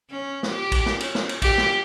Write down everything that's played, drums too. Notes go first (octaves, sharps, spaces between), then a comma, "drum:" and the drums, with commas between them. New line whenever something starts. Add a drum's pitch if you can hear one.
C#4
drum: snare
G4
drum: kick, cymbal
drum: snare
C#4, drum: cymbal
drum: snare
drum: cymbal
G4, drum: kick, cymbal
drum: snare